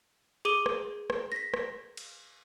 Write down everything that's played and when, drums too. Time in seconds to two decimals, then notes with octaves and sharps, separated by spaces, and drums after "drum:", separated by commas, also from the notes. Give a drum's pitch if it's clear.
0.45 G#4 D6 D#7 G7
0.66 drum: rim click
1.10 drum: rim click
1.32 A#6 B6
1.54 drum: rim click
1.97 drum: cymbal